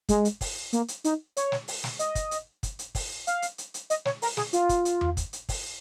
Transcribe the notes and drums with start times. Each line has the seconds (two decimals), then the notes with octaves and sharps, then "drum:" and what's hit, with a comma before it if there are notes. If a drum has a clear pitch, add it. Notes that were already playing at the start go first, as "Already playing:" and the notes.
0.09 G#3, drum: kick, hi-hat
0.25 drum: hi-hat
0.41 drum: kick, open hi-hat
0.73 A#3, drum: hi-hat
0.88 drum: hi-hat
1.04 D#4, drum: hi-hat
1.37 C#5, drum: hi-hat
1.52 drum: snare
1.68 drum: open hi-hat
1.84 drum: snare
1.99 D#5, drum: hi-hat
2.15 drum: kick, hi-hat
2.31 drum: hi-hat
2.63 drum: kick, hi-hat
2.79 drum: hi-hat
2.95 drum: kick, open hi-hat
3.27 F5, drum: hi-hat
3.42 drum: hi-hat
3.58 drum: hi-hat
3.74 drum: hi-hat
3.90 D#5, drum: hi-hat
4.05 C#5, drum: snare
4.22 A#4, drum: open hi-hat
4.37 G#4, drum: snare
4.53 F4, drum: hi-hat
4.69 drum: kick, hi-hat
4.85 drum: hi-hat
5.01 drum: tom E2
5.17 drum: kick, hi-hat
5.33 drum: hi-hat
5.49 drum: kick, open hi-hat